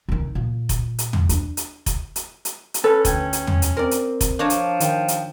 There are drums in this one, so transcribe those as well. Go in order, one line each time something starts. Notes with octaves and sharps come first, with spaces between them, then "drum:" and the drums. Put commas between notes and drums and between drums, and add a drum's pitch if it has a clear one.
C2 D#3
A#2
drum: kick F1, hi-hat
drum: hi-hat
drum: tom
D4, drum: hi-hat
drum: hi-hat
drum: kick F1, hi-hat
drum: hi-hat
drum: hi-hat
drum: hi-hat
C#4 A4 B4
D2 G5 G#6, drum: kick F1, hi-hat
drum: hi-hat
drum: tom
drum: hi-hat
C4 A#4 C5 D5
drum: hi-hat
drum: kick F1, hi-hat
F3 D4 C#5 A#5
drum: hi-hat
D#3 G5, drum: hi-hat
drum: hi-hat